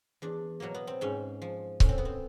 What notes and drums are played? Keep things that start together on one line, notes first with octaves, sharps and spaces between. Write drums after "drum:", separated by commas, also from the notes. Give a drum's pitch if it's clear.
E2 D4
B2 F#3 A#3
B3
C4
G#2 C#4
F3
A2 C#4, drum: kick C#1
C4
B3
C4